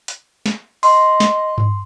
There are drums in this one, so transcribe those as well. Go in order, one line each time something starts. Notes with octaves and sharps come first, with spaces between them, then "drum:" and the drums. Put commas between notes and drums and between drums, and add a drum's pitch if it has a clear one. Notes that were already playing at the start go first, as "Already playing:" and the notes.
drum: hi-hat
drum: snare
D#5 C6, drum: open hi-hat
drum: snare
drum: tom G2